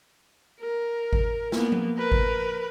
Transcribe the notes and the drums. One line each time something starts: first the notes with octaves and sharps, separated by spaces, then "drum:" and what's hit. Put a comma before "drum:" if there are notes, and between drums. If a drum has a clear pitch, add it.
A#4
drum: kick G#1
A#3 B3, drum: snare
drum: tom F3
A#4 B4
drum: kick G#1